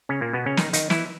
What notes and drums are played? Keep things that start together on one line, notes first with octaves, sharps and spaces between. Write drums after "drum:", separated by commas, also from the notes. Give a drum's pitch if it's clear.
C#3 C#4
A#2 A#3
B2 B3
C#3 C#4
D#3 D#4, drum: snare
D#3 D#4, drum: hi-hat
E3 E4, drum: snare